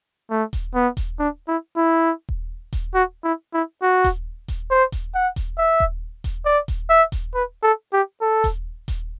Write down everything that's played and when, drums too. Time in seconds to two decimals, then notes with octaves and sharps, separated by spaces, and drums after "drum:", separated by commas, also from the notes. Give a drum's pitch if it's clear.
0.30 A3
0.53 drum: kick D#1, hi-hat
0.75 B3
0.97 drum: kick D#1, hi-hat
1.19 D4
1.48 E4
1.77 E4
2.29 drum: kick D#1
2.73 drum: kick D#1, hi-hat
2.94 F#4
3.24 E4
3.54 E4
3.82 F#4
4.04 drum: kick D#1, hi-hat
4.48 drum: kick D#1, hi-hat
4.71 C5
4.92 drum: kick D#1, hi-hat
5.15 F#5
5.36 drum: kick D#1, hi-hat
5.58 E5
5.80 drum: kick D#1
6.24 drum: kick D#1, hi-hat
6.46 D5
6.68 drum: kick D#1, hi-hat
6.90 E5
7.12 drum: kick D#1, hi-hat
7.35 B4
7.63 A4
7.93 G4
8.21 A4
8.44 drum: kick D#1, hi-hat
8.88 drum: kick D#1, hi-hat